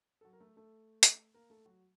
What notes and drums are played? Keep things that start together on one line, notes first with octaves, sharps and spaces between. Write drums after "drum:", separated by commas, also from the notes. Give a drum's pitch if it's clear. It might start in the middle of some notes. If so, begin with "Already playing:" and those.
A4
F#3 F#4
A#4
A3 A4
A3 A4
drum: hi-hat
A#3 A#4
A3 A4
F#3 F#4